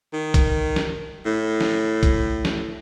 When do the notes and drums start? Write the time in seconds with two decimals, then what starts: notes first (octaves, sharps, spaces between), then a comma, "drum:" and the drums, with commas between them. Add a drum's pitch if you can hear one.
0.13 D#3
0.34 drum: kick, hi-hat
0.76 drum: snare
1.25 A2
1.61 drum: snare
2.03 drum: kick, hi-hat
2.45 drum: snare